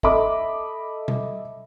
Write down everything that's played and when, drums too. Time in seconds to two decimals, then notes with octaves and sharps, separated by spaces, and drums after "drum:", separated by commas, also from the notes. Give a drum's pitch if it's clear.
0.03 A4 D#5 E5 B5 D6, drum: kick
1.08 drum: tom B2